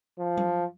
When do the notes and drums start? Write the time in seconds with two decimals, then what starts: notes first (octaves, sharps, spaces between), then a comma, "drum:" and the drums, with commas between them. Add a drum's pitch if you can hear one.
0.19 F3
0.37 drum: tom F#3